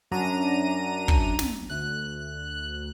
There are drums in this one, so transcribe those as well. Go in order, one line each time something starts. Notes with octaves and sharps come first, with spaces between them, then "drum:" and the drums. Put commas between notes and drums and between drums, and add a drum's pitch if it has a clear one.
F#2 D4 A#5 D#7
drum: kick
drum: snare
D2 F#6